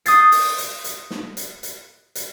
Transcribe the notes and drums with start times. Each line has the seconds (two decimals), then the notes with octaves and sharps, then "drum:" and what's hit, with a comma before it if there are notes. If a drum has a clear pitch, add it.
0.06 D#6 G6 A6 C7, drum: hi-hat
0.32 drum: open hi-hat
0.58 drum: hi-hat
0.84 drum: hi-hat
1.11 drum: snare
1.37 drum: hi-hat
1.63 drum: hi-hat
2.15 drum: hi-hat